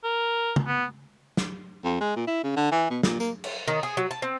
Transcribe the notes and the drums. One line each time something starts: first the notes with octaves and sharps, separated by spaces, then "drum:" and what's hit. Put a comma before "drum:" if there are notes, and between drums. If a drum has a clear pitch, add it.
A#4
drum: tom
B3
drum: snare
F2
G#3
A#2
E4
C#3
D3
E3
B2
A#2, drum: snare
A#3, drum: tambourine
drum: cymbal
D#3
G#4
F#3
A5
C4